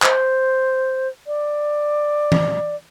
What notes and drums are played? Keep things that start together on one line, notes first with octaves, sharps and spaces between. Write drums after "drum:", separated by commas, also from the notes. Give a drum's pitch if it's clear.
C5, drum: clap
D5
drum: tom E3